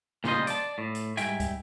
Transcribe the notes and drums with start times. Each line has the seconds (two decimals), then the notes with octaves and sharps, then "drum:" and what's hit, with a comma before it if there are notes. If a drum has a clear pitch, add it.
0.24 A#2 C#3 F3 G3 C5 D#5, drum: snare
0.47 D5 A5, drum: hi-hat
0.78 A2
0.95 drum: hi-hat
1.17 G#2 G3 E5 G5 G#5, drum: hi-hat
1.40 drum: kick, hi-hat